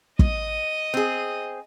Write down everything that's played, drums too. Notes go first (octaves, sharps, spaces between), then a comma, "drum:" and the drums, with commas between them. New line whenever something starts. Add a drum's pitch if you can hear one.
D#5 D#6, drum: kick
C4 G#4